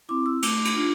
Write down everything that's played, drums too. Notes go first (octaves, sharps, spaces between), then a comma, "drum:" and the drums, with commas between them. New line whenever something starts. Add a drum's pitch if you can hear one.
C4 E4 D6
E6
A3 D6, drum: cymbal
drum: cymbal
D4 F4